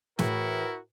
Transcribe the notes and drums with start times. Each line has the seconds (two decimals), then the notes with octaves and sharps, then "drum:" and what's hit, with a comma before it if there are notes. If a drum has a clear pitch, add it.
0.19 A2 E3 E4 F#4 G#4 A#4, drum: snare